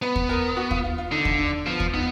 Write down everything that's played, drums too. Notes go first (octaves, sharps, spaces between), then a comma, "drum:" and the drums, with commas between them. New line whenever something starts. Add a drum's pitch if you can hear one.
B3 B4
drum: kick
A#4
F#4
F4, drum: kick
F4
F4
D3 D#4
drum: kick
D4
F3 B3
drum: kick
B3 D#4